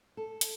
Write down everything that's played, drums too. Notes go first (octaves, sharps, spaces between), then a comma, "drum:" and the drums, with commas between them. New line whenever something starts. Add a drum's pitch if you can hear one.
A4
drum: hi-hat